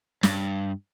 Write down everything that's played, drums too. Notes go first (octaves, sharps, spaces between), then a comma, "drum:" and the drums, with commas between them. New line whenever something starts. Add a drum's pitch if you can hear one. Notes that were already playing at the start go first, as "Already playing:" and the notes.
G2, drum: snare